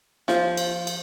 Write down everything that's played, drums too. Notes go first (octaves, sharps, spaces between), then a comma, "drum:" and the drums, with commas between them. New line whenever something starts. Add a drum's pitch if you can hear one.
F3, drum: snare
drum: cymbal
drum: cymbal